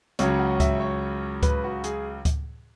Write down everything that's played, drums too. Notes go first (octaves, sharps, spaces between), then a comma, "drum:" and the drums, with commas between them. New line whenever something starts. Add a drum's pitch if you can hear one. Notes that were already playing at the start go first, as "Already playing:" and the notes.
C#2 C#3 F#3 C#4 C#5, drum: hi-hat
F#5
E5, drum: kick D2, hi-hat
C#5
B4, drum: kick D2, hi-hat
F#4
G#4, drum: hi-hat
drum: kick D2, hi-hat